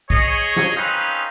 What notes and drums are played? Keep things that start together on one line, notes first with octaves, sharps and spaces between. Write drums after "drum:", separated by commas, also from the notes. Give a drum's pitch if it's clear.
G#4 C#5 D#5, drum: kick
drum: snare
C4 C#4 D#4 G#4 B4 F5